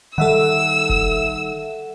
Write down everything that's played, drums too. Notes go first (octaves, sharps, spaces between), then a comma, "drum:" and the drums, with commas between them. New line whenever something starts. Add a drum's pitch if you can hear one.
D#3 G3 A4 E5 F#5 E6
drum: kick F1